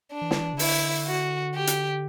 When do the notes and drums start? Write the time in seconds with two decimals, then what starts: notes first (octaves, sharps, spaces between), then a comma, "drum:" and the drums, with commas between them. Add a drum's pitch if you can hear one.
0.12 D4
0.22 E3
0.31 D3, drum: snare
0.39 E3
0.53 C#3
0.59 D3 E4, drum: open hi-hat
1.07 F#4
1.54 G4
1.67 drum: hi-hat